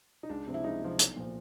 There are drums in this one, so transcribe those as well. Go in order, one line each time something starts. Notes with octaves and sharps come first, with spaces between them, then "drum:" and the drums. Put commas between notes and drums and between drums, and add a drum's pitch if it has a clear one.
D#4
C#2 D4
C3 F3
E4
C#2 D#4
C3 F3
B1, drum: hi-hat
A#2 F3